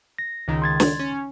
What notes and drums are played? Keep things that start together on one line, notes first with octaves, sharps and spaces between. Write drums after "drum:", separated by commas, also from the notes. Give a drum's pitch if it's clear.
A#6
C#2 D#3
C6 G#6 A6
drum: snare
C#4